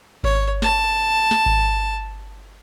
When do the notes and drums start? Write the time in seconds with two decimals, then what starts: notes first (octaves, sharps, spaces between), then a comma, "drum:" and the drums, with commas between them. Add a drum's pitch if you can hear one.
0.23 C#5, drum: kick G#1
0.62 A5, drum: snare
1.31 drum: snare
1.46 drum: kick G#1